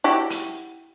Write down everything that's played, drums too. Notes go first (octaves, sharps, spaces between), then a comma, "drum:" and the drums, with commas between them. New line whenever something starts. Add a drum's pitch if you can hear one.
E4 F#4 G4
drum: hi-hat